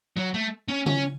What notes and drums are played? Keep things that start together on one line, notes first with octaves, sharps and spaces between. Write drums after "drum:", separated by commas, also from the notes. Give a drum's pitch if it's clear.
F#3
A3
C#4
C#4, drum: tom C#3